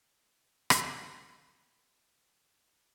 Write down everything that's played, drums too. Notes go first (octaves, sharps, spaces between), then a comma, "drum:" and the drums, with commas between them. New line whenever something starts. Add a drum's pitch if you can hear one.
G3 D4 D#4 A#4 B4 D#5
drum: rim click
F#3 F4 G4